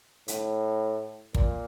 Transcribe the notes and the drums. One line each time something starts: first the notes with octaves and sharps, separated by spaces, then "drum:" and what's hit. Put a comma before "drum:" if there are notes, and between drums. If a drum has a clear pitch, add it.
A2, drum: hi-hat
A#2, drum: kick